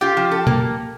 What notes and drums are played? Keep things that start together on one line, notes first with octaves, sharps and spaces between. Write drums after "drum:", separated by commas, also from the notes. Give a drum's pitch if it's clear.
F4 G4
F3
A4
A#3, drum: tom